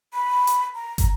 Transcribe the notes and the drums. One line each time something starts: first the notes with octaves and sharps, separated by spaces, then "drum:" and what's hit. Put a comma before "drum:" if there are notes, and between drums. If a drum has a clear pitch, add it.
B5
drum: hi-hat
A#5
drum: kick, hi-hat